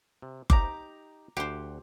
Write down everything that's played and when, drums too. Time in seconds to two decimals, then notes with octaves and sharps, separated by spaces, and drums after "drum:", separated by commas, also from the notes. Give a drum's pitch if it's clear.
0.22 C3
0.50 D#4 G4 A#5 D6, drum: kick F#1
1.37 D2 G4 C5 F#5 G5